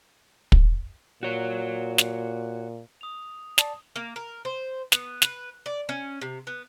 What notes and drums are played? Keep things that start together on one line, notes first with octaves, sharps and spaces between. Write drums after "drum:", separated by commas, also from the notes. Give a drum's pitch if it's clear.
drum: kick
A#2 F#4 C#5
drum: snare
D#6 F7
D5 A5, drum: snare
A#3
A#4
C5
B3, drum: snare
B4, drum: snare
D5
C#4
C3
B3